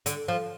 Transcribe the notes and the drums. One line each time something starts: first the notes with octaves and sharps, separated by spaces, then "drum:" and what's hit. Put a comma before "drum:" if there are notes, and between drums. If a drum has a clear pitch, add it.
D3, drum: hi-hat
F3